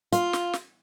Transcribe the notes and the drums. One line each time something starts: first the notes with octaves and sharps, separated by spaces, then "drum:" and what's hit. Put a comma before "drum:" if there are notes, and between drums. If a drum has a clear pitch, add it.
F4, drum: hi-hat
drum: snare
drum: snare